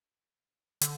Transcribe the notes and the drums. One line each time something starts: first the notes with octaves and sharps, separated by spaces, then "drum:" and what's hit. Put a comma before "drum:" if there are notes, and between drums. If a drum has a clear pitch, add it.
D3, drum: hi-hat